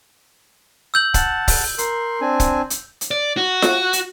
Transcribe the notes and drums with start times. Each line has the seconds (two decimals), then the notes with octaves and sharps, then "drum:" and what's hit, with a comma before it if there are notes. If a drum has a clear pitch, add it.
0.94 E6 G6 F#7
1.14 F#5 A5, drum: kick, hi-hat
1.48 drum: kick, open hi-hat
1.78 A#4 C6, drum: hi-hat
2.21 C4 D4 G#5
2.40 drum: kick, hi-hat
2.70 drum: hi-hat
3.01 drum: hi-hat
3.11 D5
3.37 F#4
3.62 drum: snare F4
3.93 drum: hi-hat